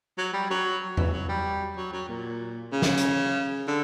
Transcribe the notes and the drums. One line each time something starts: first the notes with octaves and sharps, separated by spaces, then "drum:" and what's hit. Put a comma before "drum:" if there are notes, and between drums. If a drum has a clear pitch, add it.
F#3
G3
F#3
E3, drum: tom E2
F#3
G3
F#3
F#3
A#2
C#3
drum: snare
drum: hi-hat
D3